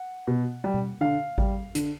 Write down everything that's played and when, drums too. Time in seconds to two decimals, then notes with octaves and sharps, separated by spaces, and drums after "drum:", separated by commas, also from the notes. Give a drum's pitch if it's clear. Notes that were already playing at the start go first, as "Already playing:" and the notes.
Already playing: F#5
0.27 B2
0.64 G3
0.74 drum: tom B2
1.01 D3 F5
1.38 G3, drum: kick G#1
1.75 D3, drum: hi-hat